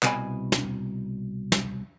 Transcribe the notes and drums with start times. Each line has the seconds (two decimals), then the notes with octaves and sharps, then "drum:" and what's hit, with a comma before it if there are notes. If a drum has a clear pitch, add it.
0.03 C2 B2 G#5 B5, drum: clap
0.52 drum: snare
1.52 drum: snare